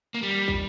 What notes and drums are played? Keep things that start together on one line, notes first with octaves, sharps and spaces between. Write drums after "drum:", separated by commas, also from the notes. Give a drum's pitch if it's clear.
A#3
G3
drum: kick